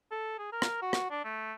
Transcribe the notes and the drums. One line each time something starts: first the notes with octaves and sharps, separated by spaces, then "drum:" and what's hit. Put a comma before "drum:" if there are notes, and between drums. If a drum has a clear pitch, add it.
A4
G#4
A#4
drum: rim click
F#4
drum: rim click
D4
A3